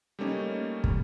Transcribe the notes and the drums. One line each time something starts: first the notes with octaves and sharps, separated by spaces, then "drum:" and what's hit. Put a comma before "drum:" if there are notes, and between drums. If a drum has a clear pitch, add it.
G3 A3 A#3 C#4 D#4
drum: kick